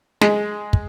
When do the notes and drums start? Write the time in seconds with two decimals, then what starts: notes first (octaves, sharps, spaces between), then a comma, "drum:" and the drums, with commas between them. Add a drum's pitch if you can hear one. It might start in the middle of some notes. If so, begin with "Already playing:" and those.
0.21 G#3, drum: snare
0.73 drum: kick